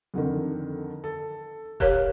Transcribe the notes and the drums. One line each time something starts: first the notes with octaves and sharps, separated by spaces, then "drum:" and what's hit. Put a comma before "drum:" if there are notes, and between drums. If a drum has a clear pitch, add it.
F2 D3 D#3
A4
G4 A#4 C#5 F5 F#6, drum: kick D#1